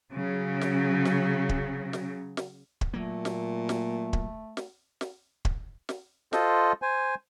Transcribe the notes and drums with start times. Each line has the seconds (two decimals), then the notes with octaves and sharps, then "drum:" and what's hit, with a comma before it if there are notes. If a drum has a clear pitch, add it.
0.13 C#3 F#3
0.61 drum: snare
1.05 drum: snare
1.49 drum: kick
1.93 drum: snare
2.37 drum: snare
2.81 drum: kick
2.94 A#2 F#3 A3 A#3
3.25 drum: snare
3.69 drum: snare
4.13 drum: kick
4.57 drum: snare
5.01 drum: snare
5.45 drum: kick
5.89 drum: snare
6.33 F4 A4 C5 D#5, drum: snare
6.82 C5 G#5